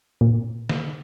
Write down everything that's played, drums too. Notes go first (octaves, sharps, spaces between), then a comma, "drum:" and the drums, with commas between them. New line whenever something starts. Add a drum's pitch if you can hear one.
A#2
drum: snare